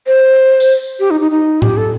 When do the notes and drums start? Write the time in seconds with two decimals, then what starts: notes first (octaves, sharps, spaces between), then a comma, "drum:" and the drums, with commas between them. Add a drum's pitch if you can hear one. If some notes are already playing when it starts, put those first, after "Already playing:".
0.07 C5
0.60 drum: tambourine
1.00 G4
1.11 D#4
1.21 D#4
1.31 D#4
1.62 G4, drum: tom A2
1.77 A4